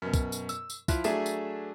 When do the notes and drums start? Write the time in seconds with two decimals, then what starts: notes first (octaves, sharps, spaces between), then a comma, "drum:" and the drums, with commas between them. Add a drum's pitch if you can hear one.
0.02 F#2 B2
0.14 drum: kick, tambourine
0.32 drum: tambourine
0.49 E6, drum: tambourine
0.70 drum: tambourine
0.88 F3 E4 F4 E5 F#6, drum: kick, tambourine
1.04 F#3 A3 D4 G#4 E5, drum: tambourine
1.26 drum: tambourine